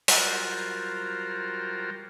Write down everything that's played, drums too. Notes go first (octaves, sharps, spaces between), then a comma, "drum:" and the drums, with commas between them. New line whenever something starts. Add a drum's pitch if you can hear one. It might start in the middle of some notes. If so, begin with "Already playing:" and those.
F#3 G3 F4 A#4 C5, drum: open hi-hat